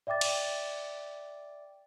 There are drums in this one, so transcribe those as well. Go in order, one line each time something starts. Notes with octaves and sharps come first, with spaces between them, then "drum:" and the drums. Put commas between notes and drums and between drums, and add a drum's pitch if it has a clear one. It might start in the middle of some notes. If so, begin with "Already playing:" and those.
D5 E5 G5 D6 A6
drum: cymbal